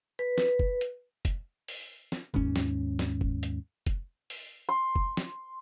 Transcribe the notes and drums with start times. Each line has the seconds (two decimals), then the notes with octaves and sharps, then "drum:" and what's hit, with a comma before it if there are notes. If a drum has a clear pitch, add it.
0.19 B4
0.38 drum: snare
0.59 drum: kick F1
0.81 drum: hi-hat
1.25 drum: kick F1, hi-hat
1.68 drum: open hi-hat
2.12 drum: snare
2.34 D#2 G#2 C#4, drum: kick F1
2.56 drum: snare
2.99 drum: snare
3.21 drum: kick F1
3.43 drum: hi-hat
3.87 drum: kick F1, hi-hat
4.30 drum: open hi-hat
4.69 C6
4.96 drum: kick F1
5.17 drum: snare